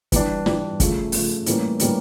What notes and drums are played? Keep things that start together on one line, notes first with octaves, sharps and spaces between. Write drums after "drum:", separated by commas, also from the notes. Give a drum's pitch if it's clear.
E3 G3 D4, drum: kick, hi-hat
E3 G3 D4, drum: snare
C#3 F3 A3, drum: kick, hi-hat
C#3 F3 A3, drum: open hi-hat
A2 E3 G3 A#3 C#4, drum: hi-hat
A2 E3 G3 A#3 C#4, drum: hi-hat